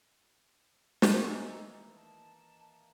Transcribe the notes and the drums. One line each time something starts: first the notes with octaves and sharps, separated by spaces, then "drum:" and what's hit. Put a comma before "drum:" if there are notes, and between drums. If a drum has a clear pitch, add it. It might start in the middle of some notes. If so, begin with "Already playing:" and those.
D#5 C#7, drum: snare
D#3 E3 A#3 D#5 G#5 E6
A5